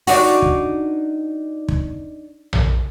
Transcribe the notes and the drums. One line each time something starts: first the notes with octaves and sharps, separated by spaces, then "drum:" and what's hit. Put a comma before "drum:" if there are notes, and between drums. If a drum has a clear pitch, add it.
D4 D#4 F#4, drum: open hi-hat
drum: kick
drum: kick
drum: tom A#1